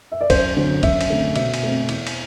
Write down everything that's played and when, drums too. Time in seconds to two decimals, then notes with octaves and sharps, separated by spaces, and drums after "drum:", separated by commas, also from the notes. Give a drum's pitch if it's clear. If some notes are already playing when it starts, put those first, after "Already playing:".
0.12 E5
0.21 D5
0.30 F#2 C5, drum: kick, cymbal
0.56 D3 F#3 C4
0.83 F#2 E5, drum: kick, cymbal
1.01 drum: cymbal
1.10 D3 A3 C4
1.36 B2 E5, drum: cymbal
1.54 drum: cymbal
1.63 A3 C4
1.89 E2, drum: cymbal
2.07 drum: cymbal